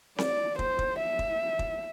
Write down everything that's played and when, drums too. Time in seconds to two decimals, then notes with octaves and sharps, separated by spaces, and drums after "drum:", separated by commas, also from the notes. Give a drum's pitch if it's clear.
0.18 D5, drum: snare C4
0.59 C5, drum: kick
0.79 drum: kick
0.99 E5
1.19 drum: kick
1.59 drum: kick